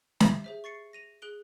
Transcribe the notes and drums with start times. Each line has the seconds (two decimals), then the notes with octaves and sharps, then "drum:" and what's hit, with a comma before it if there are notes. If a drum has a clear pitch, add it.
0.20 G4 C5 E5 G6 G#6 C7, drum: snare
0.44 G#4 C5 E5
0.64 C#6 A6 C7 C#7
0.93 A#6 D#7 F7
1.22 G#4 F#6 D7 G7